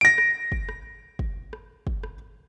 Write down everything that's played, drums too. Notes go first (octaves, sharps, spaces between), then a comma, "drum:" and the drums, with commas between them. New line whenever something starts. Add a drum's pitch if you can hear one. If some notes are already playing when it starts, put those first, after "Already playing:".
A#6 D7
drum: rim click
drum: kick
drum: rim click
drum: kick
drum: rim click
drum: kick
drum: rim click